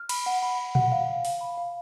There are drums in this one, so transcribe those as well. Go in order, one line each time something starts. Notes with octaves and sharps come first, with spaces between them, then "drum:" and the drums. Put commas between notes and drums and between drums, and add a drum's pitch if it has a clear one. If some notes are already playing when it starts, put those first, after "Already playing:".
Already playing: F6
B5, drum: cymbal
F#5
B5
F#5
F#5, drum: tom A#2
F5
F5
F5, drum: open hi-hat
B5
F5